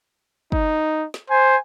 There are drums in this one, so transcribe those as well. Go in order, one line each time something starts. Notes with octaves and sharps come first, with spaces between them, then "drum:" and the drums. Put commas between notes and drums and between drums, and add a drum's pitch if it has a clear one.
D#4, drum: kick
drum: snare
C5 G#5